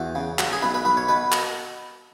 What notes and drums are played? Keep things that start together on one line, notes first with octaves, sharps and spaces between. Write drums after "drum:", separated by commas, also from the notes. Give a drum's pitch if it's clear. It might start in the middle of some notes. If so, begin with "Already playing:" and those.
Already playing: E2 F#4
C#3
F#3, drum: clap
G#4
B1 B4
B4
B1 B4
C#5
B2 B4
drum: clap